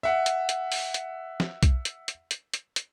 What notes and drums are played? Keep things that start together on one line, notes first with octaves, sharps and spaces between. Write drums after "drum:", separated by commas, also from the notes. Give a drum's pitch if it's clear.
E5 F#5
drum: hi-hat
drum: hi-hat
drum: open hi-hat
drum: hi-hat
drum: snare
drum: kick B1, hi-hat
drum: hi-hat
drum: hi-hat
drum: hi-hat
drum: hi-hat
drum: hi-hat